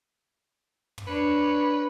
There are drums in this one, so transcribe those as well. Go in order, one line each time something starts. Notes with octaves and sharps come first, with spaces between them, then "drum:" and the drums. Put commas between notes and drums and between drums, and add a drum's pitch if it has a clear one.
drum: tom
D4 B4 C#5